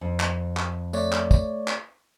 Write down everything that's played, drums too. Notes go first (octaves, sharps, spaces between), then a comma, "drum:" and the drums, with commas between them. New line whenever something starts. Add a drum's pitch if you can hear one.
F2
drum: clap
drum: clap
A3 C#5 D5, drum: tambourine
drum: clap
drum: kick, tambourine
drum: clap